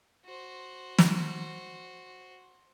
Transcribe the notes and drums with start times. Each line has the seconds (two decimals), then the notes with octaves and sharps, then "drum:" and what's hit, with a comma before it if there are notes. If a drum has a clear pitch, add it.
0.25 F#4 C5
0.98 drum: snare